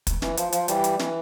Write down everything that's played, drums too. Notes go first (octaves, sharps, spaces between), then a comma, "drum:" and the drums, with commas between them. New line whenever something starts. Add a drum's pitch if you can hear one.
drum: kick, hi-hat
E3, drum: snare
F3, drum: hi-hat
F3, drum: hi-hat
E3 G3, drum: hi-hat
drum: hi-hat
E3, drum: snare